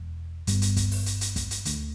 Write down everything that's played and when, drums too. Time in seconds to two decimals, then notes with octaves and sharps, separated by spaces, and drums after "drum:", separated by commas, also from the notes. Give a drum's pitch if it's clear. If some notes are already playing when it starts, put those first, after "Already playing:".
Already playing: E1 E2
0.47 G1 G2 G3 B3, drum: hi-hat
0.62 drum: hi-hat
0.77 drum: kick, hi-hat
0.91 drum: open hi-hat
1.06 drum: hi-hat
1.21 drum: hi-hat
1.36 drum: kick, hi-hat
1.51 drum: hi-hat
1.65 D2 D3 A3, drum: hi-hat